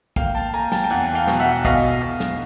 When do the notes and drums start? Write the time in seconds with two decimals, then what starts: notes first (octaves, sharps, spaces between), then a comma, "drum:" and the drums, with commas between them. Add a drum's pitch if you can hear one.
0.16 A#3 F5 G5, drum: kick
0.35 G5 A5
0.53 A#3 G#5 A#5
0.72 G5 A5, drum: snare
0.84 G5
0.90 E2 F#5 G#5
1.15 F5 G5
1.27 B2, drum: snare
1.40 E5 F#5
1.65 B2 D#5 F5, drum: kick
2.02 B2
2.20 drum: snare